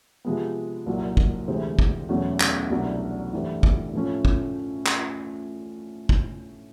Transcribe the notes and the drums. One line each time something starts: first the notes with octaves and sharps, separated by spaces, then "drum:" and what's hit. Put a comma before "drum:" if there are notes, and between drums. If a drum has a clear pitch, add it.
C3 F3 G#3 B3
C2 A#2 F#3 A#3
drum: kick
D2 C3 E3 G#3 C4
drum: kick
E2 B2 F#3 A3 C#4
drum: clap
C2 B2 F#3 A3 D4
G2 E3 A3 C4
drum: kick
A2 F3 A3 C#4
drum: kick
drum: clap
drum: kick